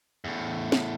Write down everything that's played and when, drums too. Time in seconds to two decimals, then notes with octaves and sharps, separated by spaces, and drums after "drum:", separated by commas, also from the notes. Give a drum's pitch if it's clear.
0.24 E2 A2
0.72 drum: snare